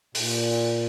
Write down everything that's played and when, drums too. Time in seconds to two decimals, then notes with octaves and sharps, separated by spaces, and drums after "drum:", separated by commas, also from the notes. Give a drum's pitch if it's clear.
0.15 A#2, drum: open hi-hat